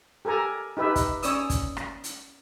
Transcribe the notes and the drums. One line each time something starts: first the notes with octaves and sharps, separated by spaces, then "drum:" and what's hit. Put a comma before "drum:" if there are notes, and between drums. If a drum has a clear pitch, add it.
G4 A4 A#4 G#5 A#5
D#4 G4 B4 E5
drum: kick, hi-hat
C#4 C#5 D5 D#6 E6, drum: hi-hat
drum: kick, hi-hat
drum: rim click
drum: hi-hat